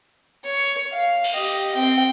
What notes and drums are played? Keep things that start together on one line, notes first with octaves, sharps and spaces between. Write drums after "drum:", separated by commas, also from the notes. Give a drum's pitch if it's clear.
C#5
F5
drum: cymbal
G4 D#5
C4 G5